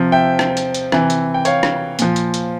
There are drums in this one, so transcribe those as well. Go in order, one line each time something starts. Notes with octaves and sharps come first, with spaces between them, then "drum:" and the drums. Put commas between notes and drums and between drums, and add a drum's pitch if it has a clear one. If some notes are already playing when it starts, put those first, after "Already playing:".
Already playing: C3 F3
E5 G5
drum: rim click
drum: hi-hat
drum: hi-hat
C3 E3, drum: rim click
drum: hi-hat
G5
C#5 F5, drum: hi-hat
drum: rim click
A#2 F3, drum: hi-hat
drum: hi-hat
drum: hi-hat